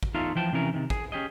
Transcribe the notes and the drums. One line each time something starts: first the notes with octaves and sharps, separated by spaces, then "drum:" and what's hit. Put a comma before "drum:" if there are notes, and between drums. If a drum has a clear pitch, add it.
drum: kick
E2 A3 D#4 F4 A4 F5
E3 F3 G5 A5
C3 E3 C#4 A#4
C3 D#3
G#4, drum: kick
C#4 G4 G#4 D#5